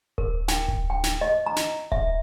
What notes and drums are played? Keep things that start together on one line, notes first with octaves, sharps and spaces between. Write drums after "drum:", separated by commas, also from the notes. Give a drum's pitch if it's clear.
A#4, drum: kick D1
G5, drum: snare
drum: kick D1
G5
drum: snare
D#5
A#5
drum: snare
E5, drum: kick D1